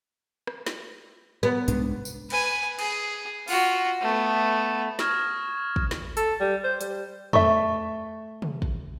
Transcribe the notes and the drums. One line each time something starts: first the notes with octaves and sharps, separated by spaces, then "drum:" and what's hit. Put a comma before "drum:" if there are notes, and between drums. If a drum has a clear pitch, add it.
drum: rim click
drum: snare
B3
C2 G#2 D4, drum: hi-hat
drum: tambourine
B4 G#5, drum: cymbal
G#4, drum: cymbal
F4 F#4, drum: open hi-hat
A3 B3
C#6 D#6 F6 G#6 A#6 E7, drum: snare
drum: kick
drum: snare
A4, drum: hi-hat
G3
C5
G3, drum: hi-hat
A3 E5 C#6, drum: tom E2
drum: tom C3
drum: kick